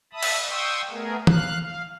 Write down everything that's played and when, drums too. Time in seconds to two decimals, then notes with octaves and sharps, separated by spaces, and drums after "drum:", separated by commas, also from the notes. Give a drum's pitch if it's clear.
0.13 E5 A5 B5 D#6
0.23 drum: cymbal
0.49 G5 C6 C#6 D#6 E6
0.90 A3 B3 G#4 A#4
1.27 F5 F#6, drum: tom E3
1.59 F5